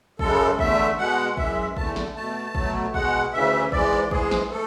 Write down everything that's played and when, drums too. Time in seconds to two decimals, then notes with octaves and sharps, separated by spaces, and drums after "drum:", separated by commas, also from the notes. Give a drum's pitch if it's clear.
0.19 F#2 C#3 G#3 A4, drum: kick
0.59 E2 D3 A3 E5, drum: kick
0.98 B2 G#3 F#5
1.37 F#2 E3 G#3 E5, drum: kick
1.77 E2 D3 A3 A5, drum: kick
1.96 drum: snare
2.15 B2 A3 A5
2.55 B2 F#3 A3, drum: kick
2.94 B2 G#3 F#5, drum: kick
3.33 D2 C#3 E3 E5
3.72 G#2 E3 G#3 D5, drum: kick
4.11 G#2 E3 G#3 G#4, drum: kick
4.31 drum: snare
4.51 A3 A4